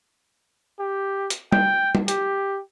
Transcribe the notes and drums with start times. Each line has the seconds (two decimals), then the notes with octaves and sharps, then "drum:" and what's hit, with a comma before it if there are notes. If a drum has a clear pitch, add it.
0.79 G4
1.30 drum: hi-hat
1.52 G5, drum: tom G3
1.95 drum: tom G3
2.08 G4, drum: hi-hat